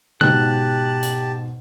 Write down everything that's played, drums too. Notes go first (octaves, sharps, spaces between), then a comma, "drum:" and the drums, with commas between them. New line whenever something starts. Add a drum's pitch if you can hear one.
G#2 B2 D#4 G4 A5 F#6, drum: tom C#3
drum: hi-hat